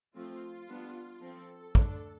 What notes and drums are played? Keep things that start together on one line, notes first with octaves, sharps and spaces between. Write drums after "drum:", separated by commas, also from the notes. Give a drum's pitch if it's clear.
F3 A3 C4 F4
G3 B3 D4
F3 C4 A4
D3 A3 D4, drum: kick